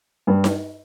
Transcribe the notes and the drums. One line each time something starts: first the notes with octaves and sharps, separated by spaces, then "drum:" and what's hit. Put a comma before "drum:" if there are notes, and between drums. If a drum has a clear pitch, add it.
G2
drum: snare D#4